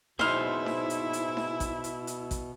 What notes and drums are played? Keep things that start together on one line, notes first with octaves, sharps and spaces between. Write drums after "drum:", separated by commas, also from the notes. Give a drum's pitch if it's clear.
B2 B3 D#4 E4 G#4 C5 F6, drum: snare D#4
drum: snare D#4
drum: hi-hat
drum: hi-hat
drum: snare D#4
drum: kick, hi-hat
drum: hi-hat
drum: hi-hat
drum: kick, hi-hat